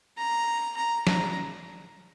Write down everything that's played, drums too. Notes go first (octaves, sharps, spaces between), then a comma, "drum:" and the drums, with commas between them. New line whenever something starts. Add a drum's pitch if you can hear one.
A#5
A#5
A#5, drum: snare